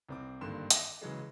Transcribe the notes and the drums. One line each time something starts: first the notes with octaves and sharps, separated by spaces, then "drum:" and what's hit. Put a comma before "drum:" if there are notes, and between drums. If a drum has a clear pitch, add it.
C2 C4 D6
G#1 G2 D3 A#3 C6 E7
D6 A#6 D#7 E7, drum: hi-hat
C#3 E3 F#3 G#3